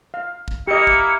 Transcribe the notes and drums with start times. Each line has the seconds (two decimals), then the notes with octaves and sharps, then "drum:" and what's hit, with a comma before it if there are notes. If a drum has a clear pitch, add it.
0.14 F5
0.48 drum: kick
0.67 A#3 E4 G4 D#5 C#7
0.87 drum: kick